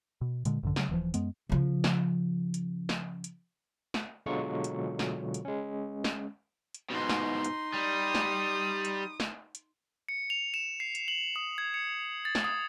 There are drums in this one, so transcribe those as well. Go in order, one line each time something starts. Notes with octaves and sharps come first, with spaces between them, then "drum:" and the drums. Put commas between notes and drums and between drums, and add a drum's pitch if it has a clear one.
B2
A#2 D3 G#3, drum: hi-hat
A1 F#2 D3
C#3 F#3, drum: snare
D#1 E3 F3
F#2 G#3 B3, drum: hi-hat
C#3 F3
drum: snare
drum: hi-hat
drum: snare
drum: hi-hat
drum: snare
B2 D3 F#3 G#3 F4 C#6
drum: hi-hat
drum: snare
drum: hi-hat
G#3 C#4
drum: snare
drum: hi-hat
G#2 B2 D#4 C6
drum: snare
drum: hi-hat
G3 D#6
drum: snare
drum: hi-hat
drum: snare
drum: hi-hat
C#7
F7
E7
C7
drum: hi-hat
F#7
D#6
G#6
C#7
A6
drum: snare
D#6